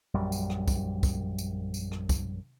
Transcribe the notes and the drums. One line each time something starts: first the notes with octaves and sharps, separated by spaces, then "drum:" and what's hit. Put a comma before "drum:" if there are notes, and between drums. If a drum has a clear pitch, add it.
A#1 F#2 G3
drum: tambourine
drum: rim click
drum: kick, tambourine
drum: kick, tambourine
drum: tambourine
drum: tambourine
drum: rim click
drum: kick, tambourine